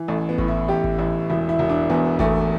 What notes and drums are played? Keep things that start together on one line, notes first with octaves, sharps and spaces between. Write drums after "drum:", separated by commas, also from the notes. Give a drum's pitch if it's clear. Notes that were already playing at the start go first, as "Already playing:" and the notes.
Already playing: E3
A1 A3
B3
A2, drum: kick G#1
E4
A1 G4
drum: kick G#1
A1 E4
E1 E4
E4
E1
D4
E2 B3
E2 A3, drum: kick G#1